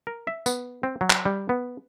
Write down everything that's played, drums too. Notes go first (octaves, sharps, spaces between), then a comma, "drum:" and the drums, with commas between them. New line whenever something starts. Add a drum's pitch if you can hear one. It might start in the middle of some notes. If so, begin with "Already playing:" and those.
A#4
E5
B3, drum: tambourine
C4
F#3
drum: clap
G3
B3